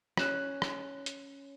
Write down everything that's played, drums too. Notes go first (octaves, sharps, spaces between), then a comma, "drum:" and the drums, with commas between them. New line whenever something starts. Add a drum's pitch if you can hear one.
C#4 F#6 E7, drum: rim click
drum: rim click
drum: hi-hat